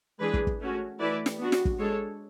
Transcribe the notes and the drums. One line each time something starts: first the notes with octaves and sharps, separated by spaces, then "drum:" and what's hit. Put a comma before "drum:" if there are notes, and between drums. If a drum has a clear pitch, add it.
E3 G#3 D4 G#4 B4
drum: kick
drum: kick
A3 C#4 F#4
E3 A3 E4 B4 D5
drum: snare
B3 D4 F#4
drum: snare
drum: kick
G#3 D4 A4 C#5